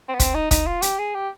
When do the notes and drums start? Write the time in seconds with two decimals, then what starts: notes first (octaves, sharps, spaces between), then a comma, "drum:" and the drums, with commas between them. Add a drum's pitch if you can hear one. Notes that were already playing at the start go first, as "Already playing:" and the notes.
0.08 C4
0.14 B3
0.20 C4, drum: kick, hi-hat
0.34 D#4
0.51 D#4, drum: kick, hi-hat
0.67 F4
0.82 G4, drum: hi-hat
0.99 G#4
1.14 G4